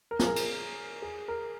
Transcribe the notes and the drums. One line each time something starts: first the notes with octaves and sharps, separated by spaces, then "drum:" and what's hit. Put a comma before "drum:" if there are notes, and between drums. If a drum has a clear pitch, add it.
A#4
G#4, drum: snare
A#4
drum: cymbal
G#4
A#4